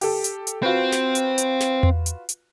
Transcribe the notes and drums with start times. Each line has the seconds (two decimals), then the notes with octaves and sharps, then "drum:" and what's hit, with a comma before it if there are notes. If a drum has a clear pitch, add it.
0.01 G4 A4, drum: open hi-hat
0.24 drum: hi-hat
0.47 drum: hi-hat
0.63 C4 F4 F#4 B4
0.92 drum: snare
1.15 drum: hi-hat
1.38 drum: hi-hat
1.60 drum: snare
1.83 drum: tom E2
2.06 drum: hi-hat
2.29 drum: hi-hat